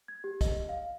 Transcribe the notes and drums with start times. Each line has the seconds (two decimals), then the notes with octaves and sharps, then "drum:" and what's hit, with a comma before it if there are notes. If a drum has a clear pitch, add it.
0.08 G#6
0.24 G4
0.41 D#5, drum: kick, hi-hat
0.69 F5